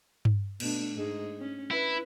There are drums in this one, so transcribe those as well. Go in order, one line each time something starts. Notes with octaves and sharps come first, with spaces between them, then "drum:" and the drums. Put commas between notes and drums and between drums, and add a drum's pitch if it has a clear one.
drum: tom G2
B2 A3 D4, drum: cymbal
G#2 G#3 G#4
C#4
E4 B4